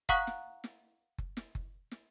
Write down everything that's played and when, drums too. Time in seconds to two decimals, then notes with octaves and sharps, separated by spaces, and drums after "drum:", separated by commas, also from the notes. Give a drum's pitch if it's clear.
0.09 F5 F#5 A#5 C#6 D#6 F#6, drum: kick F#1
0.27 drum: snare
0.64 drum: snare
1.18 drum: kick F#1
1.37 drum: snare
1.55 drum: kick F#1
1.91 drum: snare